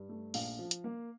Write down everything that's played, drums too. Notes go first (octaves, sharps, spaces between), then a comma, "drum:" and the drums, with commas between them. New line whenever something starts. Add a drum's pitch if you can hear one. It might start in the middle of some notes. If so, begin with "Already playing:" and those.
Already playing: G2
A3
A#1 F5, drum: open hi-hat
F3
drum: hi-hat
A#3